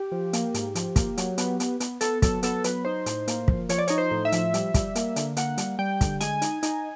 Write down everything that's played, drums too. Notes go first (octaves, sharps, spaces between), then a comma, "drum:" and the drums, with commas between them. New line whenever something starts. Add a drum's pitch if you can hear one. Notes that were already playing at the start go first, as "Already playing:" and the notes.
Already playing: G4
F3
A#3, drum: hi-hat
G#2, drum: hi-hat
F3, drum: hi-hat
A#3, drum: kick, hi-hat
F#3, drum: hi-hat
B3, drum: hi-hat
B3, drum: hi-hat
B3, drum: hi-hat
B3 A4, drum: hi-hat
F#3 A4, drum: kick, hi-hat
B3 A4, drum: hi-hat
F#3 B4, drum: hi-hat
D#4 C5
A2, drum: hi-hat
A#3, drum: hi-hat
F3, drum: kick
F3 C#5, drum: hi-hat
D5
D#4 C#5, drum: hi-hat
C5
A2
E5
F3, drum: hi-hat
G3, drum: hi-hat
G3, drum: kick, hi-hat
A#3, drum: hi-hat
D3, drum: hi-hat
A#3 F#5, drum: hi-hat
G3, drum: hi-hat
G3 G5
D3, drum: kick, hi-hat
G#3 G#5, drum: hi-hat
D#4, drum: hi-hat
D#4, drum: hi-hat